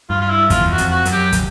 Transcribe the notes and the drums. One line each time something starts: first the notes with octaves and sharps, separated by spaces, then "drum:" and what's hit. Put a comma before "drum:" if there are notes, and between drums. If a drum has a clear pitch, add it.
G2 F4
F4
E4
E2 F4, drum: kick, hi-hat
F#4
F2, drum: hi-hat
F#4
F#2, drum: hi-hat
G4
drum: kick, hi-hat